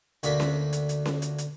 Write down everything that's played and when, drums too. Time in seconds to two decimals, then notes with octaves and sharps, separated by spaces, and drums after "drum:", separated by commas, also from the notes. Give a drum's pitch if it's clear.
0.23 D2 D3 A#3 B5, drum: hi-hat
0.40 drum: snare C#4
0.73 drum: hi-hat
0.89 drum: hi-hat
1.05 drum: snare C#4
1.22 drum: hi-hat
1.38 drum: hi-hat